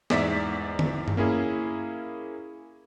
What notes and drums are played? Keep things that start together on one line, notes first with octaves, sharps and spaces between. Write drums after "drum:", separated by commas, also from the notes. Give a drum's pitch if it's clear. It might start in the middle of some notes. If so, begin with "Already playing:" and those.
E2 G#2 D5 E5 B6, drum: snare
drum: tom D3
drum: tom G2
A#3 C#4 E4 G#4